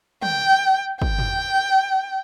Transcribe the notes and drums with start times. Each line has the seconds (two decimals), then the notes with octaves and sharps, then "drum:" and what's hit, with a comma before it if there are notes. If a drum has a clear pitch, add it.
0.23 G5, drum: tom
1.02 G5, drum: kick
1.19 drum: tom